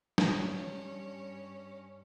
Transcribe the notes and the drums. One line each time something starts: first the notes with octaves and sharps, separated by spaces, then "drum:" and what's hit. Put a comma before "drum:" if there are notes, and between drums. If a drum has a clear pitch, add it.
drum: snare
G2 C#4